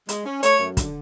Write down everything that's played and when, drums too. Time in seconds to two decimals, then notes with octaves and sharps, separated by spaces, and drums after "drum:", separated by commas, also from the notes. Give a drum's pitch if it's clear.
0.09 G#3, drum: hi-hat
0.25 C#4
0.43 A3 C#5, drum: hi-hat
0.60 F#2
0.77 D3, drum: kick, hi-hat